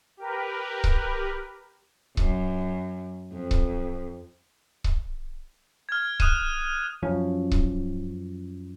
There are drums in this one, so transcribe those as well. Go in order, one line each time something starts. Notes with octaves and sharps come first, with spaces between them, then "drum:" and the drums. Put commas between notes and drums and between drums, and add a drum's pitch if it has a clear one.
G4 A#4 B4
drum: kick C#1
F#2, drum: kick C#1
F2
drum: kick C#1
drum: kick C#1
F6 G#6
D#6 F#6 D#7 E7, drum: kick C#1
F#2 F3 C#4
drum: kick C#1